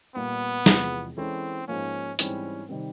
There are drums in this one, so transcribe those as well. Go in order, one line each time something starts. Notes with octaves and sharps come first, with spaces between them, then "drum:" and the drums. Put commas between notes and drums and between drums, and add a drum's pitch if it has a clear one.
A#2 G3 A#3 B3
E2 C3 F3 G#3, drum: snare
E3 G#3 C4 C#4 E4 A4
G#2 F3 A#3 C#4
G#2 E3 G3 C4 C#4 E4, drum: hi-hat
C3 D#3 G3 C4